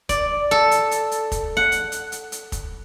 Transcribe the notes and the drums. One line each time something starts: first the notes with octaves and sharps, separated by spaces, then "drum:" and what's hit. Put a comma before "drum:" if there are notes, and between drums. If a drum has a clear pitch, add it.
D5, drum: kick, hi-hat
A4
drum: hi-hat
drum: hi-hat
drum: hi-hat
drum: kick, hi-hat
F#5
drum: hi-hat
drum: hi-hat
drum: hi-hat
drum: hi-hat
drum: kick, hi-hat